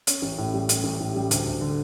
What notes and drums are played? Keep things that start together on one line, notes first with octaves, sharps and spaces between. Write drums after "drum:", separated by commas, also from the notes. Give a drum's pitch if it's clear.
C#4, drum: hi-hat
A1
A2
G3
C#4, drum: hi-hat
A1
A2
G3
D2, drum: hi-hat
D2
D3